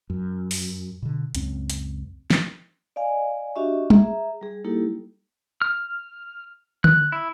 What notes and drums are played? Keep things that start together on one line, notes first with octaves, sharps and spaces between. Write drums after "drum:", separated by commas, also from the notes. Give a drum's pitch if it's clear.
F#2
drum: open hi-hat
B2 D3
C#2 F#2 C4, drum: hi-hat
drum: hi-hat
drum: snare
D5 D#5 F5 G#5
D4 F#4 G4 D#5 E5 C#6
G#4 E5 A#5, drum: tom
G3 G#4
G3 A#3 D#4 E4 G4 A4
F6
F#6, drum: tom D3
E4